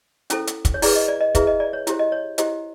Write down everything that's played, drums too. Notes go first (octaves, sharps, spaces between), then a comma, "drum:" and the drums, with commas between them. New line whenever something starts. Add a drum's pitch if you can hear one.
C#4 E4 A4 C5, drum: hi-hat
drum: hi-hat
drum: kick, hi-hat
C#5
E4 G#4 B4 D5, drum: open hi-hat
D#5
D5
D#5
E4 G#4 B4 E5, drum: kick, hi-hat
D#5
D5
C#5
E4 G4 C5, drum: hi-hat
D#5
C#5
E4 G4 C5 D#5, drum: hi-hat